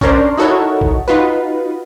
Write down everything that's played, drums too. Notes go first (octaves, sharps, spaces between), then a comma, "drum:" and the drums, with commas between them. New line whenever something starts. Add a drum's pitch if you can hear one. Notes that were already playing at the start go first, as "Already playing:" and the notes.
C#4 D4 A#4 C5 D5, drum: kick A#1
D#4 E4 F#4 A4 A#4 C#5
drum: kick A#1
D#4 F4 F#4 B4